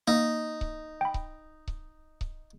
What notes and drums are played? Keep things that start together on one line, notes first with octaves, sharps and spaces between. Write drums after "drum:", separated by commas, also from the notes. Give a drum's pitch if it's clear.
A#3 D#4
drum: kick C#1
G5 B5
drum: kick C#1
drum: kick C#1
drum: kick C#1